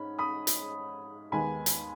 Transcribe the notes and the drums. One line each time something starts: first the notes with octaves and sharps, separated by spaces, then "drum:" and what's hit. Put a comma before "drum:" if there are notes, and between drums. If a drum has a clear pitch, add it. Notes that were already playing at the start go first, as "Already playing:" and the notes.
Already playing: G#2 C#4 B5
B5 D#6
drum: hi-hat
D#2 D#3 G#3 B3 G#5 B5
drum: hi-hat